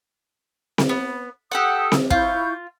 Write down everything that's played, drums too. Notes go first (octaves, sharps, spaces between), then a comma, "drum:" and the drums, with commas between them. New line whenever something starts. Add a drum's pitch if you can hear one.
drum: snare C4
B3
G4 A4 F#5 D#6 E6
drum: snare C4
E4 F4 C#6 G6, drum: kick